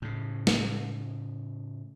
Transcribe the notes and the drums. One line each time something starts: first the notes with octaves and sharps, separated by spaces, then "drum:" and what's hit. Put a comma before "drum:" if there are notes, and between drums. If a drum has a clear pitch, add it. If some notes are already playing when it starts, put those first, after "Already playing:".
A2 C#3
drum: snare